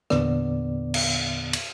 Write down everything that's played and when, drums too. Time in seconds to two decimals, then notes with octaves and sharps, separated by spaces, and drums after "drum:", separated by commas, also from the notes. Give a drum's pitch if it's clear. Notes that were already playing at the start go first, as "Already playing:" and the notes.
0.10 E2 A#2 D3 B3 D5, drum: rim click
0.94 drum: cymbal
1.53 drum: cymbal